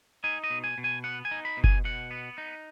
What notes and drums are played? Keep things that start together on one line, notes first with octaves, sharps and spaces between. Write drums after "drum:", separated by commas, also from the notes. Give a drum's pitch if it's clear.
D#4 G#5
D#5
B2
G#5
B2
G#5
B3 F#5
G#5
D#4
B5
B2
G#5, drum: kick F#1
B2 F#5
B3
D#4